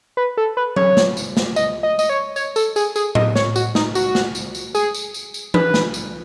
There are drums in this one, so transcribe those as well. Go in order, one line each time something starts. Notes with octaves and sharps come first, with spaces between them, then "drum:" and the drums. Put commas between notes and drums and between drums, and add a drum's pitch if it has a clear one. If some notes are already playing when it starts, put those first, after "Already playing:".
B4
A4
B4
C#5, drum: tom F#3
drum: snare
drum: tambourine
drum: snare
D#5, drum: tambourine
D#5
D#5, drum: tambourine
C#5
C#5, drum: tambourine
A4, drum: tambourine
G#4, drum: tambourine
G#4, drum: tambourine
D#5, drum: tom A2
C#5, drum: snare
F#4, drum: tambourine
D#4, drum: snare
F#4, drum: tambourine
drum: snare
drum: tambourine
drum: tambourine
G#4, drum: tambourine
drum: tambourine
drum: tambourine
drum: tambourine
B4, drum: tom E3
drum: snare
drum: tambourine